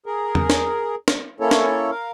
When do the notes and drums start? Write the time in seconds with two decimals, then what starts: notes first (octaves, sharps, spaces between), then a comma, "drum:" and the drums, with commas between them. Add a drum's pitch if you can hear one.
0.06 G#4 A#4
0.35 drum: tom E2
0.50 drum: snare
1.08 drum: snare
1.40 A#3 C#4 E4 A4 C#5
1.51 drum: snare
1.91 A#4 F5